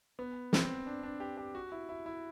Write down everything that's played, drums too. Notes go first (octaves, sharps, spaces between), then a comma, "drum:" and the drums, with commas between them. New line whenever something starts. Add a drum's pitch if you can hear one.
B3
C4, drum: snare
D4
D4
G4
G4
F#4
E4
E4
E4